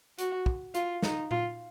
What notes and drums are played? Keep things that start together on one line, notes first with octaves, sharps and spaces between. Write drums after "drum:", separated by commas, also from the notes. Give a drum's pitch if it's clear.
F#4, drum: hi-hat
drum: kick
F4, drum: hi-hat
D#4, drum: snare
F4, drum: tom A#2